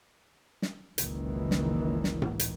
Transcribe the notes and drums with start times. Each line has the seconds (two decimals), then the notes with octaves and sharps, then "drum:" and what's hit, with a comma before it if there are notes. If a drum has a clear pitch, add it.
0.62 drum: snare
0.98 F#1 C#2 A#2 D#3 E3, drum: hi-hat
1.51 drum: snare
2.04 drum: snare
2.22 drum: tom A2
2.39 drum: hi-hat